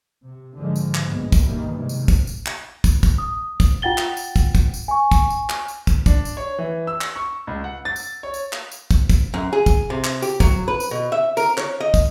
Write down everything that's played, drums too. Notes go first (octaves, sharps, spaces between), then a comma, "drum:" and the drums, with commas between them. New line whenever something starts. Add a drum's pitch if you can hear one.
C3
G#2 D3 D#3 F3 G#3
drum: tambourine
drum: clap
B1 G2 A#2 G#3 B3
drum: kick, tambourine
B1 G2 D#3 E3 G3 A#3
C3 D#3 G3 G#3
drum: tambourine
drum: kick, tambourine
drum: tambourine
drum: clap
drum: kick, tambourine
drum: kick, tambourine
D#6
drum: kick, tambourine
F4 F#5 G5 A6 G7
drum: clap
drum: tambourine
drum: kick, tambourine
drum: kick, tambourine
drum: tambourine
G#5 C#6
drum: kick, tambourine
drum: tambourine
drum: clap
drum: tambourine
drum: kick, tambourine
D4, drum: kick, tambourine
drum: tambourine
C#5
E3
E6
drum: clap
C#6
C#2
F#5
A6
drum: tambourine
C#5
drum: tambourine
drum: clap
drum: tambourine
drum: kick, tambourine
drum: kick, tambourine
F#2
G#4
drum: kick, tambourine
C3
drum: clap
G4, drum: tambourine
F#3, drum: kick, tambourine
B4
drum: tambourine
B2
E5
A#4, drum: tambourine
C#5, drum: clap
D#5
drum: kick, tambourine